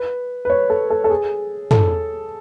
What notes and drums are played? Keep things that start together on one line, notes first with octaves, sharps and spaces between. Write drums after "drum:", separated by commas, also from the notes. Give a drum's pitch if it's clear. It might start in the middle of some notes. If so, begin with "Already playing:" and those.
Already playing: B4
B4
C#5
A4
A4
A4
G#4
A4, drum: tom